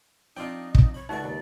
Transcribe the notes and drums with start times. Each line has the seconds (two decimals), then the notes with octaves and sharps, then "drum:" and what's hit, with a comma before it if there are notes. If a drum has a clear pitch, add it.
0.37 F3 C4 D4 D#4 F4 D5 G5
0.75 drum: kick
0.94 C#5 B5
1.09 C#2 A3 D#4 F#4 D5 C#6
1.24 D#2